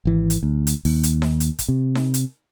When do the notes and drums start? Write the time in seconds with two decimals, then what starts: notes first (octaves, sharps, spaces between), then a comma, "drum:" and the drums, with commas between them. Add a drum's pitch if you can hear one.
0.05 G#1 E3
0.30 drum: hi-hat
0.43 D2
0.67 drum: hi-hat
0.85 D#2, drum: open hi-hat
1.03 drum: hi-hat
1.22 drum: snare D#4
1.40 drum: hi-hat
1.59 drum: kick, hi-hat
1.68 C3
1.95 drum: snare D#4
2.14 drum: hi-hat